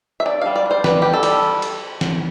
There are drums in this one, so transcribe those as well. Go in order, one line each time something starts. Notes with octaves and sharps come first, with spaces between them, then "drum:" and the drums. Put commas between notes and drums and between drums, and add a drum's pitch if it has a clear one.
E5
D4 D5
G3 F5
D5
D4 C5
G3 B4, drum: snare
D4 G4
A4
G3, drum: cymbal
drum: cymbal
drum: snare